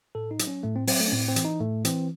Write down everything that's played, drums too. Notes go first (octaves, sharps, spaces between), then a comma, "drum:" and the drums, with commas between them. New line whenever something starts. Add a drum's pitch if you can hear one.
A2 A4
D#4
F#3, drum: hi-hat
C#4
A2 A3
C4
F#3 C4, drum: open hi-hat
A3
C#4
A2 C4
C4
E3, drum: hi-hat
D#4
A2 A3
E3 C4, drum: hi-hat